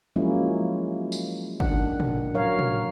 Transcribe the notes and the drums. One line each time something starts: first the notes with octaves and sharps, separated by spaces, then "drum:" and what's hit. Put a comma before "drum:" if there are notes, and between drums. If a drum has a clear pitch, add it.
F3 F#3 G#3 A#3 C#4 E4
drum: tambourine
D#3 D4 F#5, drum: kick
drum: tom
F#3 A#4 C#5 F5
drum: tom